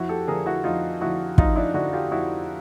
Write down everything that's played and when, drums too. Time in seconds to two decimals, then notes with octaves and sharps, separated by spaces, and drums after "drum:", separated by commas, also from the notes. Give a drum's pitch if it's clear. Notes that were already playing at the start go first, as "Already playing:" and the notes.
Already playing: F2 E4 F#4
0.09 G4 A4
0.28 D3 F3 G#4 A#4
0.46 E4 F#4
0.64 F2 D#4 F4
1.01 D3 F3 E4 F#4
1.38 F2 D#4 F4, drum: kick
1.56 D4 E4
1.74 D3 F3 E4 F#4
1.93 F4 G4
2.11 F2 E4 F#4